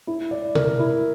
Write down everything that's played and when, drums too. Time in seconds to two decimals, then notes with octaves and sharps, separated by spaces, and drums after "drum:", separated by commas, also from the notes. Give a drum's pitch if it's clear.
0.07 E4
0.31 D5
0.55 A#4, drum: tom B2
0.79 E4